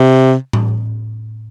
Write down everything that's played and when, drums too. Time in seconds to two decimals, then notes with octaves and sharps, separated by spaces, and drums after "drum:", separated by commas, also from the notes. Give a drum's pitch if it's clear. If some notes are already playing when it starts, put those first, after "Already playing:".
Already playing: C3
0.53 drum: tom A2